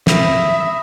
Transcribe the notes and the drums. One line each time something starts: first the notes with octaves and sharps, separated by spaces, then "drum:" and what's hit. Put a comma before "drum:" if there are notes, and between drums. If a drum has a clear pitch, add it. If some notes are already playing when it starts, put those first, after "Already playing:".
E5 B5 D#6 A#6, drum: snare